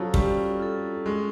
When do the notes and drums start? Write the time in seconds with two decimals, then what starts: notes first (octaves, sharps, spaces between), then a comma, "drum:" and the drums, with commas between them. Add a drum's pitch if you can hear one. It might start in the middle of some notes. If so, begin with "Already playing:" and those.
Already playing: F3 F#3 C#4 F4 A4
0.14 G3 C#4, drum: kick
0.60 F4 A4
1.06 G#3 C#4